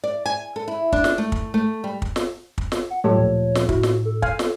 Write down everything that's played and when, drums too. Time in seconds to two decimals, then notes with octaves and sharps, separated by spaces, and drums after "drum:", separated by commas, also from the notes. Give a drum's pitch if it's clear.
0.04 D5
0.26 G#5
0.56 A4
0.68 E4
0.93 D4, drum: kick
1.04 drum: snare
1.18 A3
1.32 drum: kick
1.54 A3
1.84 G3
2.02 drum: kick
2.16 drum: snare
2.58 drum: kick
2.72 drum: snare
2.90 F#5
3.04 A2 F#3 A3 F4 G4 A4 C#5
3.17 D2 A#2 F3 C#5
3.55 drum: snare
3.69 A2 E4 F#4, drum: kick
3.83 drum: snare
4.05 A4
4.22 F5 G#5, drum: kick
4.39 drum: snare